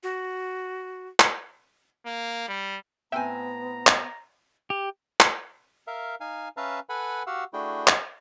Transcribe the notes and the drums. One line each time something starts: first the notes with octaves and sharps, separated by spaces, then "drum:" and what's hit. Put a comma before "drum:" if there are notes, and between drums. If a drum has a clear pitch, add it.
F#4
drum: clap
A#3
G3
A2 B3 C4 E5 G5 G#5 A#5
drum: clap
G4
drum: clap
A#4 E5 F5
D#4 F5 G#5
C#4 B4 E5 F5 A5 A#5
A4 B4 F#5 G#5 B5
F#4 G4 F5 F#5 E6
A3 D4 E4 F#4 G#4 G5
drum: clap